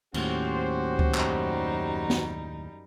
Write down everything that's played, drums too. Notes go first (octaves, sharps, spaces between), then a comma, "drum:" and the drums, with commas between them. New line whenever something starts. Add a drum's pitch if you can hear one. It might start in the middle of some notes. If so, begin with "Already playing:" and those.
D#2 A2 C#4 F#4 G4 C5, drum: cymbal
drum: kick C#2
F#2 G3 D#4, drum: clap
drum: snare